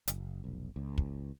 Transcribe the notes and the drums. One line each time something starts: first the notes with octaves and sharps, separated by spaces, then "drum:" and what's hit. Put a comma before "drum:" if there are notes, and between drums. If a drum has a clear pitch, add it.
F#1, drum: hi-hat
F1 B1
C#2
drum: kick